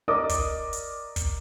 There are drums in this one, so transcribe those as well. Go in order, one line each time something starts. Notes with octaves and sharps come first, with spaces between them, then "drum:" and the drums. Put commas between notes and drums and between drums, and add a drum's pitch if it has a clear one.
A#4 D5 D#5 D6 D#6
drum: kick, hi-hat
drum: hi-hat
drum: kick, hi-hat